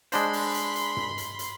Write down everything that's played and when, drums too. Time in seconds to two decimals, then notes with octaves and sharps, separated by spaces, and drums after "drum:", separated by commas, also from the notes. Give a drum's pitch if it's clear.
0.12 G#3 D4 C5 B5 C6, drum: hi-hat
0.33 drum: open hi-hat
0.54 drum: hi-hat
0.75 drum: hi-hat
0.97 drum: tom
1.18 drum: hi-hat
1.39 drum: hi-hat